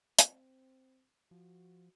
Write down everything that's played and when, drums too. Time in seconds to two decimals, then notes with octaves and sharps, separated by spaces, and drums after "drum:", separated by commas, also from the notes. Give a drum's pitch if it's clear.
0.19 C4, drum: hi-hat
1.31 F3 F#4